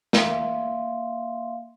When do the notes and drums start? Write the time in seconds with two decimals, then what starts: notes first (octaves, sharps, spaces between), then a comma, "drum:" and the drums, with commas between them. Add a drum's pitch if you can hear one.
0.13 A#3 E5 F5 C6, drum: snare